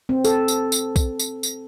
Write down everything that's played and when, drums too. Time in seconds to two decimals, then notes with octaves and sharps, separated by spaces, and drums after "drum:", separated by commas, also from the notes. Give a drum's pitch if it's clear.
0.09 C4
0.24 A4, drum: tambourine
0.48 drum: tambourine
0.72 drum: tambourine
0.96 drum: kick B1, tambourine
1.19 drum: tambourine
1.43 drum: tambourine